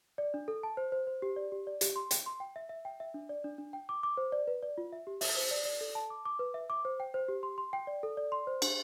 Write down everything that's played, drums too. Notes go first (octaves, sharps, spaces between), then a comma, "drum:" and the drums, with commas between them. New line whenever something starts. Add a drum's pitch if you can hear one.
D5
D4
A4
A5
C5
C5
C5
G4
D5
G4
D5
G4, drum: hi-hat
C6
G5, drum: hi-hat
C6
G5
E5
E5
G5
E5
D4
D5
D4
D4
G5
D6
D6
C5
D5
B4
D5
F4
E5
G4
E5, drum: open hi-hat
C5
D5
D5
A4
A5
D6
D6
B4
E5
D6
C5
G5
C5
G4
C6
C6
G5
D5
A4
D5
C6
C5
D4, drum: cymbal